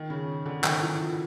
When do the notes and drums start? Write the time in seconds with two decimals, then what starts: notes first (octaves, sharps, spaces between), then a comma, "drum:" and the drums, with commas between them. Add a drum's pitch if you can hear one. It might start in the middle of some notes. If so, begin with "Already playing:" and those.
Already playing: D#3
0.10 C#3
0.46 D3
0.64 D#3, drum: clap
0.82 E3
1.00 F3